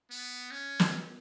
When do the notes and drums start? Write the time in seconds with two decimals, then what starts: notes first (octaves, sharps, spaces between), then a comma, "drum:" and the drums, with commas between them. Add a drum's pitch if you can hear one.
0.11 B3
0.51 C#4
0.80 drum: snare